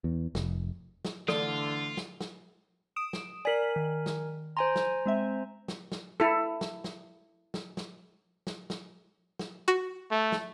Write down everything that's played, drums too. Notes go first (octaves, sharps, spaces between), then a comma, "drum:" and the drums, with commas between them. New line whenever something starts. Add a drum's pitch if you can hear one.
E2
F1, drum: snare
drum: snare
D3 E3 A3 F4 A4 D5, drum: snare
drum: snare
drum: snare
D#6 D7 E7
drum: snare
A#4 D5 G#5 B6 F#7
D#3
drum: snare
C5 G#5 A#5 C6
drum: snare
G#3 C4 E5
drum: snare
drum: snare
E4 A4
drum: snare
drum: snare
drum: snare
drum: snare
drum: snare
drum: snare
drum: snare
F#4
A3
drum: snare